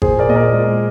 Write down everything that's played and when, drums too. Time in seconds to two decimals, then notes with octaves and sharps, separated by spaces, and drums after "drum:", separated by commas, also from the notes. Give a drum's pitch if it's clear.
0.02 A#2 G#4 C5, drum: kick G#1
0.19 A#4 D5
0.29 A#2 D#5
0.36 A#4 D5
0.53 G#3